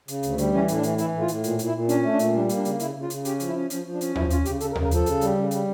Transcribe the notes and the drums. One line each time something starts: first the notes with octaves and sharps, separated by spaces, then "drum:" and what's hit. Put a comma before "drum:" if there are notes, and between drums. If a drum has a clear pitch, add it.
C#3, drum: hi-hat
D2, drum: hi-hat
G3, drum: hi-hat
E3 C#4
A2, drum: hi-hat
D4
E3, drum: hi-hat
E3 E4, drum: hi-hat
A2
F4
A2, drum: hi-hat
A#2, drum: hi-hat
A#2, drum: hi-hat
E4
A#2
C#4 D4, drum: hi-hat
A3
D4
A#2, drum: hi-hat
G3 D4
A#3, drum: hi-hat
D4
C#3, drum: hi-hat
C#3 E4, drum: hi-hat
C#3
F4
C#3, drum: hi-hat
C#4 G4, drum: hi-hat
F3, drum: hi-hat
E4
C#4
F3 C#4, drum: hi-hat
F3
D4
C#4, drum: hi-hat
F3 E4, drum: tom D#2
C#4 F4, drum: hi-hat
C#3 G4, drum: hi-hat
C#3 A4, drum: hi-hat
A#4
C#3, drum: tom D#2
A#4
F3 A4, drum: hi-hat
C#3, drum: hi-hat
G3, drum: hi-hat
C#3
G3, drum: hi-hat